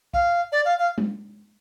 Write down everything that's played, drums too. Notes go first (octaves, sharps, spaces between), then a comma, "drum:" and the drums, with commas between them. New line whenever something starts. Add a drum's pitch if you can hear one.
F5, drum: kick B1
D5
F5
F5
drum: tom G#3